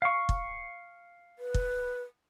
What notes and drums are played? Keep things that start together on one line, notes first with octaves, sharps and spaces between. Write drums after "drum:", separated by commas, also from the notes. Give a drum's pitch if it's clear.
F5 C#6
drum: kick
B4
drum: kick